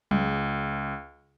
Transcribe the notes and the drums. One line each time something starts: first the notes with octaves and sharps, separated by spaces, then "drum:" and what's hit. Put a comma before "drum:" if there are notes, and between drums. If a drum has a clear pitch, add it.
C#2, drum: tom F#3